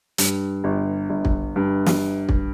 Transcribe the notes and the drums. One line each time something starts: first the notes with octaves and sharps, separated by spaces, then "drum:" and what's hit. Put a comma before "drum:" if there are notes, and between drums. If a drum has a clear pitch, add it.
G2, drum: hi-hat
G1
G1
drum: kick
G2
drum: snare
drum: kick